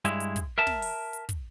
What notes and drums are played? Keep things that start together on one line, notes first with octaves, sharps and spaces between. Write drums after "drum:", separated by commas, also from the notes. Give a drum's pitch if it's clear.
G2 G#3 E4, drum: hi-hat
drum: hi-hat
drum: kick, hi-hat
A#4 E5 A5
drum: snare
drum: open hi-hat
drum: hi-hat
drum: kick, hi-hat